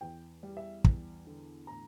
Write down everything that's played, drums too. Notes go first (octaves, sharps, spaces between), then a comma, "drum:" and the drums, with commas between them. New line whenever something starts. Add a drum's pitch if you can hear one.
E2 G5
G3
E5
E2, drum: kick
D3
A2 A#5